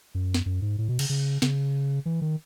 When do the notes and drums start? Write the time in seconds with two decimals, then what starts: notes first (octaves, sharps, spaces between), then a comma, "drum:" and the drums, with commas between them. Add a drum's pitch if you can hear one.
0.15 F#2
0.34 drum: snare
0.46 F#2
0.62 G#2
0.78 A2
0.89 B2
0.99 C#3, drum: cymbal
1.09 C#3
1.42 C#3, drum: snare
2.06 E3
2.22 D#3